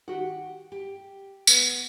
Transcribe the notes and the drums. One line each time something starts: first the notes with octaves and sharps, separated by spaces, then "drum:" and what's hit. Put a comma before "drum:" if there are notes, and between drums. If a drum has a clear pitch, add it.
D#3 F#4 G4 F#5
G4
B3, drum: tambourine